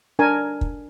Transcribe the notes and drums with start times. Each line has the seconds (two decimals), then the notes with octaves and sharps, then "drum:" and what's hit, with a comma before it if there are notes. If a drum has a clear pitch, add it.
0.19 D4 A#4 G#5
0.61 drum: kick